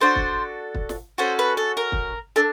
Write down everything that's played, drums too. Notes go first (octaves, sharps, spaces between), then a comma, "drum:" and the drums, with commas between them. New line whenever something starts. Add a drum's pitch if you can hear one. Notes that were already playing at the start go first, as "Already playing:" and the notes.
D4 F#4 A4 C5
drum: kick
drum: kick
drum: snare
C#4 F#4 A4 C5
B4
A4
A#4
drum: kick
D4 A4